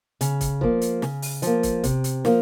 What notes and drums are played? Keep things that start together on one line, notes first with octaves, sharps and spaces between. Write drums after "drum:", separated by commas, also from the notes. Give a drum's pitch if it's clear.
C#3, drum: hi-hat
drum: kick, hi-hat
F3 A#3, drum: kick
drum: hi-hat
C#3, drum: snare
drum: open hi-hat
F3 A#3, drum: hi-hat
drum: kick, hi-hat
C3, drum: kick, hi-hat
drum: hi-hat
F3 A#3, drum: snare